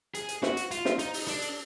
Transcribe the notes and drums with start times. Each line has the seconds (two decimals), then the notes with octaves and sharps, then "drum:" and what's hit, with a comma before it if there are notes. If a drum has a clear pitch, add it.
0.15 G#4, drum: hi-hat
0.29 drum: hi-hat
0.43 F#4, drum: snare
0.57 drum: hi-hat
0.71 F4, drum: hi-hat
0.85 drum: snare
0.99 D#4, drum: hi-hat
1.14 drum: open hi-hat
1.28 D4, drum: hi-hat
1.42 drum: hi-hat